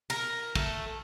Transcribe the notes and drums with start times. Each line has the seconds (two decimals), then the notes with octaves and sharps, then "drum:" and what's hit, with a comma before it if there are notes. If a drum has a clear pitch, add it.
0.10 A#4, drum: cymbal
0.55 A3, drum: kick